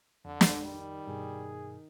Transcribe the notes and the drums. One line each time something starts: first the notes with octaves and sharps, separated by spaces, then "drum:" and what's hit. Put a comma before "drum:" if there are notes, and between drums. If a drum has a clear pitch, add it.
F2 D3
drum: snare
D#3 G3
G2 B2 G#4